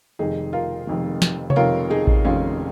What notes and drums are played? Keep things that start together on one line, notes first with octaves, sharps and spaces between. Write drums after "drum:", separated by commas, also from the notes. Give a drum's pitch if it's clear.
F1 F2 D#3 D#4 G#4
F4 A#4
F1 F2 D#3
drum: snare
C#5, drum: tom C3
F1 F2 D#3 F4 A#4
D#4 G#4
drum: kick A1
F1 F2 D#3 C#4 F4